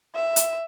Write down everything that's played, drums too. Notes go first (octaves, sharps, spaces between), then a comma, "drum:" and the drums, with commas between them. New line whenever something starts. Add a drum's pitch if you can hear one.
E5
drum: hi-hat